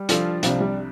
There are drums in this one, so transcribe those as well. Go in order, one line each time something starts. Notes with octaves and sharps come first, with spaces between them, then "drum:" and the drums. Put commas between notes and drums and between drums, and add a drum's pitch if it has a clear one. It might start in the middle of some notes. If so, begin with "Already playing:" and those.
Already playing: G3
F3 D4 F4 A4, drum: hi-hat
C2 C3 F3 G3 D4, drum: hi-hat
G3